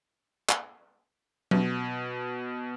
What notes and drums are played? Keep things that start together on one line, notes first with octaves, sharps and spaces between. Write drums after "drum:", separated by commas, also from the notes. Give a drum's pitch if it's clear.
drum: clap
B2, drum: tom F#3